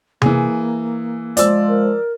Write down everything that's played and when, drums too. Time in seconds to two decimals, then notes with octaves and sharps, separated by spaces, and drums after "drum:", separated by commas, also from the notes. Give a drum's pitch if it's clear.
0.22 E3 A#3 G#4, drum: tom C3
1.37 F3 G#3 D5 E6, drum: hi-hat
1.68 A#4